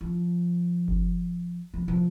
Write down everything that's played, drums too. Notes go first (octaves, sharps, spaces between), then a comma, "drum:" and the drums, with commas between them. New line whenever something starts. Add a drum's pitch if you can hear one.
F3
drum: kick F#1
F3
F3, drum: tom